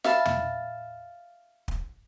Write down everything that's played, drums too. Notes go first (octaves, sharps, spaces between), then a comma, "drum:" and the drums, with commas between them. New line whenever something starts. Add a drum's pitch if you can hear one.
E5 F5 A5 B5, drum: snare
drum: tom
drum: kick